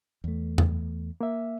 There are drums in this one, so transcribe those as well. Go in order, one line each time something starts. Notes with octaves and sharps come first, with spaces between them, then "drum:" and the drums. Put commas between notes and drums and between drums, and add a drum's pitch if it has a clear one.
E2 A3
drum: tom E2
A#3 E5